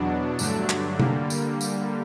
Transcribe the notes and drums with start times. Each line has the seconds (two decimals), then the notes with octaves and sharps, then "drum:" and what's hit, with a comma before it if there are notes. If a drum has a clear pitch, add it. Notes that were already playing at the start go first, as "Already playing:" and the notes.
Already playing: E2 B2 F#3 B3 D4
0.39 G2 D3 F#3 A3 D4, drum: tambourine
0.69 drum: clap
1.00 D3 G3 A#3, drum: tom C3
1.30 drum: tambourine
1.61 drum: tambourine